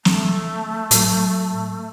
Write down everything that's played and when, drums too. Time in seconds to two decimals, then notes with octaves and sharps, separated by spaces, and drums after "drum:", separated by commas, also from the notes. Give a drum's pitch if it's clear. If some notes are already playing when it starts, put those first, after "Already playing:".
0.05 A3, drum: snare
0.91 A2 F#3, drum: hi-hat